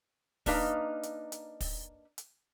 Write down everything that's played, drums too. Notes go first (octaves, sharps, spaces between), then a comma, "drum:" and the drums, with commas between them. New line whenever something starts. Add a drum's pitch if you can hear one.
A#3 D4 D#4 B4 D#5 F5, drum: kick, open hi-hat
drum: hi-hat
drum: hi-hat
drum: kick, open hi-hat
drum: hi-hat